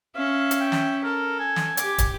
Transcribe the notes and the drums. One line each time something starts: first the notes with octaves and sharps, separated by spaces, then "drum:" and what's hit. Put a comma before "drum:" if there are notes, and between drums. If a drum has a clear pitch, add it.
C#4 E5 F5
drum: hi-hat
G5
drum: snare
A4 A#4
G#5
drum: snare
G4 D6, drum: hi-hat
drum: kick, hi-hat